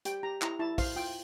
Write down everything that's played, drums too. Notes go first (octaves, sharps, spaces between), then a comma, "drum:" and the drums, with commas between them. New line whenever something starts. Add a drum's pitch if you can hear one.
G4 G5, drum: hi-hat
G4 A#5
E4 A#5, drum: clap
E4 A5
C5 F5, drum: kick, open hi-hat
F4 G5